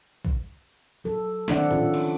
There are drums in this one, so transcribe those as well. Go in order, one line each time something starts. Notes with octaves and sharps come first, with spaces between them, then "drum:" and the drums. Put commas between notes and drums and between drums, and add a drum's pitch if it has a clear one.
drum: kick A#1
F#3 A4
D#3 C4 D4 D5 E5 F#5, drum: snare
C#4 F4 A4, drum: tom A2
drum: cymbal